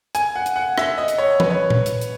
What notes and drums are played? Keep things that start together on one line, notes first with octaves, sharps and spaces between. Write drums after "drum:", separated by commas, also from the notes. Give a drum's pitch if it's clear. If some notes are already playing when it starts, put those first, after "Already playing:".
G#5, drum: hi-hat
F#5
drum: hi-hat
F#5
E5, drum: rim click
D#5
drum: hi-hat
C#5
B4, drum: tom E3
C#5
drum: tom A#2
drum: hi-hat
drum: hi-hat